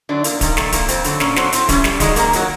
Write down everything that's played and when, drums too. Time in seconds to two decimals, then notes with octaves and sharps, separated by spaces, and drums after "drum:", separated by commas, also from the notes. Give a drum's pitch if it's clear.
0.09 D3 F#3 D4
0.24 E2 A#3, drum: hi-hat
0.41 C3 D#3 G3, drum: kick D1, hi-hat
0.57 A#2 A3, drum: snare
0.72 F3 A#3, drum: kick D1, hi-hat
0.88 F2 C4, drum: hi-hat
1.04 D3 F#3, drum: hi-hat
1.20 A#2 C#4, drum: snare
1.36 F#3 C4, drum: snare
1.52 A2 C4, drum: hi-hat
1.69 E3 G3 C#4, drum: kick D1, hi-hat
1.84 G2 G3, drum: snare
2.00 D#3 F#3 G#3, drum: kick D1, hi-hat
2.16 G#2 A#3, drum: hi-hat
2.33 D#3 F#3, drum: hi-hat